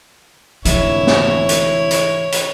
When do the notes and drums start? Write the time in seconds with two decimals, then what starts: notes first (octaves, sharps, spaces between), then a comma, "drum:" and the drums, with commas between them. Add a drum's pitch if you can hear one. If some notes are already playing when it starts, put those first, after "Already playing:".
0.65 F1 G#2 D3 E3 E4 C#5, drum: hi-hat
1.07 drum: snare
1.49 drum: hi-hat
1.91 drum: hi-hat
2.32 drum: hi-hat